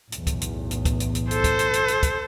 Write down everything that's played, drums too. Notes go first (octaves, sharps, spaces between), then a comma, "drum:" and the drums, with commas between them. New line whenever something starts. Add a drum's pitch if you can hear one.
B1 E2 A2, drum: hi-hat
drum: kick, hi-hat
drum: hi-hat
drum: hi-hat
drum: kick, hi-hat
drum: hi-hat
drum: hi-hat
A4 C5, drum: hi-hat
drum: kick, hi-hat
drum: hi-hat
drum: hi-hat
drum: hi-hat
drum: kick, hi-hat